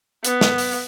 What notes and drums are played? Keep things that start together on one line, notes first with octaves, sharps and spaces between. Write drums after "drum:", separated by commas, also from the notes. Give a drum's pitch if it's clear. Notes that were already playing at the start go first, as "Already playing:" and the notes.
B3, drum: hi-hat
drum: snare
drum: open hi-hat